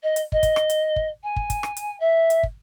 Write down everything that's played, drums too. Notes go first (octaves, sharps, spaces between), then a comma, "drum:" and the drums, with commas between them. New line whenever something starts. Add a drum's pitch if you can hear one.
D#5
drum: hi-hat
D#5, drum: kick
drum: kick, hi-hat
drum: rim click
drum: hi-hat
drum: kick
G#5
drum: kick
drum: kick, hi-hat
drum: rim click
drum: hi-hat
E5
drum: hi-hat
drum: kick